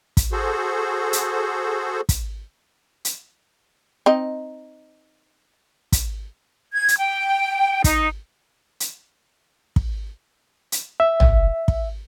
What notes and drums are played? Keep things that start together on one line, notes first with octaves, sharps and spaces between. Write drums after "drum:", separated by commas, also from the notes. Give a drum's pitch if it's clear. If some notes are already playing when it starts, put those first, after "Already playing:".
drum: kick, hi-hat
F#4 G#4 A4 C5
drum: hi-hat
drum: kick, hi-hat
drum: hi-hat
C4 D#4 D#5
drum: kick, hi-hat
G#6
drum: hi-hat
G5
D#4, drum: kick, hi-hat
drum: hi-hat
drum: kick
drum: hi-hat
E5
drum: tom
drum: kick